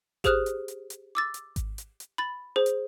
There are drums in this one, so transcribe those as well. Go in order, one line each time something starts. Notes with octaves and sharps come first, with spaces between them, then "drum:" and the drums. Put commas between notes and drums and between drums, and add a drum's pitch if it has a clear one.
G4 G#4 C5 D#6 F6 F#6, drum: kick G#1, hi-hat
drum: hi-hat
drum: hi-hat
drum: hi-hat
D6 E6 A6
drum: hi-hat
drum: kick G#1, hi-hat
drum: hi-hat
drum: hi-hat
B5 A6
G#4 C5
drum: hi-hat